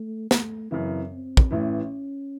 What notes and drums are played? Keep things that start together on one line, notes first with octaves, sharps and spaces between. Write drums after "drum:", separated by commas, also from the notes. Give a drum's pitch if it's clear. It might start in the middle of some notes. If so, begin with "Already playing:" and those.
Already playing: A3
A3, drum: snare
F#2 C#3 E3 C4
C4
drum: kick
A1 A2 E3 C#4